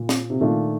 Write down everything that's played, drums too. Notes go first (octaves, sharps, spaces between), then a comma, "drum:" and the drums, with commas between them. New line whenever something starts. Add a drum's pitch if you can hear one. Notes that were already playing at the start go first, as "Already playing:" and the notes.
Already playing: A#2
drum: snare
C3
A#2 D#3 A3 D4 F4